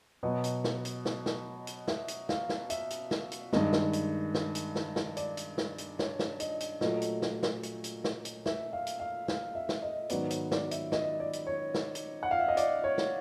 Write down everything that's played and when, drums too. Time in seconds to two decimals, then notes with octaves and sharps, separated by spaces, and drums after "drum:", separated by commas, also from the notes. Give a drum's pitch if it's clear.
0.23 B2 F#3 B3 D#5
0.44 drum: hi-hat
0.64 drum: snare
0.85 drum: hi-hat
1.05 drum: snare
1.26 drum: snare
1.67 drum: hi-hat
1.88 E5, drum: snare
2.08 drum: hi-hat
2.29 F5, drum: snare
2.49 drum: snare
2.70 E5, drum: hi-hat
2.90 drum: hi-hat
3.11 drum: snare
3.32 drum: hi-hat
3.53 G2 D#3 G#3 D#5, drum: snare
3.73 drum: snare
3.93 drum: hi-hat
4.34 drum: snare
4.55 drum: hi-hat
4.75 drum: snare
4.96 drum: snare
5.17 D5, drum: hi-hat
5.37 drum: hi-hat
5.58 drum: snare
5.78 drum: hi-hat
5.99 C#5, drum: snare
6.19 drum: snare
6.40 D#5, drum: hi-hat
6.60 drum: hi-hat
6.81 A#2 F#3 A3 D#5, drum: snare
7.02 drum: hi-hat
7.22 drum: snare
7.43 drum: snare
7.63 drum: hi-hat
7.84 drum: hi-hat
8.04 drum: snare
8.25 drum: hi-hat
8.46 E5, drum: snare
8.73 F5
8.87 drum: hi-hat
9.00 F5
9.28 F5, drum: snare
9.55 E5
9.69 drum: snare
9.82 D#5
10.10 G#2 D#3 F#3 B3 D5, drum: hi-hat
10.30 C#5, drum: hi-hat
10.51 D5, drum: snare
10.71 E5, drum: hi-hat
10.92 D#5, drum: snare
11.20 D5
11.33 drum: hi-hat
11.47 C#5
11.74 drum: snare
11.95 drum: hi-hat
12.23 F#5
12.31 F5
12.40 E5
12.48 D#5
12.57 D5, drum: hi-hat
12.84 C#5
12.98 drum: snare